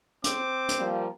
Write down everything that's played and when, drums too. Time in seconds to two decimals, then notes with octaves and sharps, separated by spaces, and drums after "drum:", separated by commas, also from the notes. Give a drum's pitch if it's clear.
0.24 C4 C5 D6, drum: hi-hat
0.69 drum: hi-hat
0.79 F3 G3 A#3